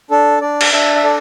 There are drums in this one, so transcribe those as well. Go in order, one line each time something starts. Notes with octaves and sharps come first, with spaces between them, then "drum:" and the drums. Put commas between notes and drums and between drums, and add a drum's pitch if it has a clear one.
D4 A4
D4 D5
drum: cymbal
D4 E5
E5
A4 D5